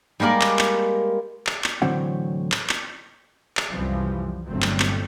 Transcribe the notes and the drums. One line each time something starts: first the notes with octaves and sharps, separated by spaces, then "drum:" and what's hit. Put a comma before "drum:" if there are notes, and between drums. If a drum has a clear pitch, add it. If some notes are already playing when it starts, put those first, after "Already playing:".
G3 G#3 A#3 A#4 D5
drum: clap
drum: clap
drum: clap
drum: clap
A2 D3 E3 F#3 C4 F#5
drum: clap
drum: clap
drum: clap
C2 F#2 E3 F3 G3
G1 A#2 F#3 G3 A3 C4
drum: clap
drum: clap